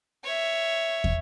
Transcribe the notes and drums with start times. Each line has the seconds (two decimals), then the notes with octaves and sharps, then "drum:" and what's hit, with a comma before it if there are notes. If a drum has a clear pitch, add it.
0.24 C#5 E5
1.04 drum: kick